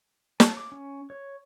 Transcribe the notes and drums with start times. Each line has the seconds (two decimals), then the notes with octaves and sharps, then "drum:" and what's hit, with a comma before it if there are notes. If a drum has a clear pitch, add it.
0.40 A5, drum: snare
0.57 D6
0.72 C#4
1.10 C#5